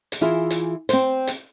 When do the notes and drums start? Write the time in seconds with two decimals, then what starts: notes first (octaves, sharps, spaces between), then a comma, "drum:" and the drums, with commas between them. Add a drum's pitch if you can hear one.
0.12 drum: hi-hat
0.21 E3 E4 F4 G#4
0.51 drum: hi-hat
0.89 C4 C5, drum: hi-hat
1.27 drum: hi-hat